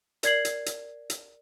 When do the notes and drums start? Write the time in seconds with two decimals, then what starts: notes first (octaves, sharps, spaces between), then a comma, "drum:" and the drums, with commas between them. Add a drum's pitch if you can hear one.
0.23 A#4 D5 G#6 C7 F#7, drum: hi-hat
0.45 drum: hi-hat
0.66 drum: hi-hat
1.10 drum: hi-hat